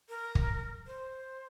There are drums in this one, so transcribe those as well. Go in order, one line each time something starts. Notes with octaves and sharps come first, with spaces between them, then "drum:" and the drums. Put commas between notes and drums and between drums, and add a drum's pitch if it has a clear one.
A#4
drum: kick
C5